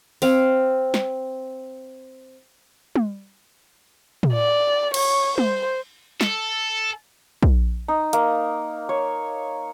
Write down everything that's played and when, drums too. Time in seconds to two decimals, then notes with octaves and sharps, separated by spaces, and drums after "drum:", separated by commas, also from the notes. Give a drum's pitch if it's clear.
0.22 C4 F5, drum: open hi-hat
0.94 drum: snare
2.96 drum: tom
4.23 drum: tom
4.33 D5
4.94 C#5, drum: cymbal
5.38 C5, drum: tom
6.21 A4, drum: snare
7.43 drum: kick
7.88 D#4
8.13 A#3, drum: hi-hat
8.89 C#5